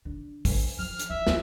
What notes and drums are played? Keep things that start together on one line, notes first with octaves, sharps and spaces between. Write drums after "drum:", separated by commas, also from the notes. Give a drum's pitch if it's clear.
D3
drum: kick, open hi-hat
F3 F6
drum: hi-hat
E3 E5
E2, drum: snare